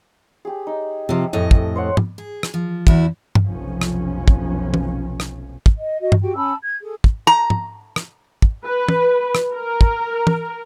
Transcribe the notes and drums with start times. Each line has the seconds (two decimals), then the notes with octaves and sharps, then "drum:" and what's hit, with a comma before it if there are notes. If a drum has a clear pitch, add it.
0.45 G4 G#4
0.67 D#4
1.09 C3 F3
1.33 F2 A2 D#5
1.51 drum: kick
1.75 C5 C#5 F#5
1.97 drum: tom
2.18 G#4
2.43 drum: rim click
2.54 F3
2.87 E2 E4 F#4, drum: kick
3.35 drum: tom G2
3.46 F1 B1 F3 C#4
3.81 drum: rim click
4.28 drum: kick
4.74 drum: tom E3
5.20 drum: rim click
5.66 drum: kick
5.77 D#5
6.00 F#4 D#5
6.12 drum: tom G2
6.22 F#4 G4 G5
6.36 C#4 A5 B5 E6
6.63 G#6
6.81 G#4 A4
7.04 drum: kick
7.27 A#5
7.50 drum: tom
7.96 drum: rim click
8.42 drum: kick
8.65 B4
8.88 drum: tom
9.35 drum: rim click
9.55 A#4
9.81 drum: kick
10.27 drum: tom